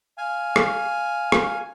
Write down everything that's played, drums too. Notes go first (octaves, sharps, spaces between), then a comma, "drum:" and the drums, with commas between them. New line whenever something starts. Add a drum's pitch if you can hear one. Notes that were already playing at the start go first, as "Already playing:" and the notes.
F5 G#5
drum: rim click
drum: rim click